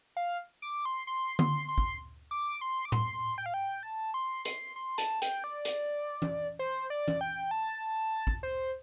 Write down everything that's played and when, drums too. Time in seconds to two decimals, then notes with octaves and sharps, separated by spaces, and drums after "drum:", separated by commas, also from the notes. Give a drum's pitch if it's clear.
0.17 F5
0.62 D6
0.85 C6
1.07 C6
1.39 C6, drum: tom D3
1.69 C6
1.78 drum: kick
2.31 D6
2.61 C6
2.85 D6
2.92 C6, drum: tom A2
3.38 G5
3.46 F5
3.54 G5
3.83 A5
4.14 C6
4.45 C6, drum: hi-hat
4.76 C6
4.98 A5, drum: hi-hat
5.22 G5, drum: hi-hat
5.44 D5
5.65 drum: hi-hat
6.22 drum: tom E3
6.59 C5
6.90 D5
7.08 drum: tom E3
7.21 G5
7.51 A5
8.27 drum: kick
8.43 C5